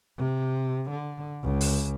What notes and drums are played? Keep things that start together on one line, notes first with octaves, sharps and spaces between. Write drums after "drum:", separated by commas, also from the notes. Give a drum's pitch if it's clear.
C3
D3
C#2
drum: open hi-hat